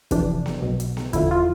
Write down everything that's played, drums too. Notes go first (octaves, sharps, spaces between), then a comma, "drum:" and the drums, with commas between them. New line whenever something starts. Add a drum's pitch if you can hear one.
F2 C3 E3 D4, drum: kick, hi-hat
drum: snare B3
B1 B2
drum: hi-hat
drum: snare B3
E2 D3 F3 E4, drum: kick, hi-hat
F4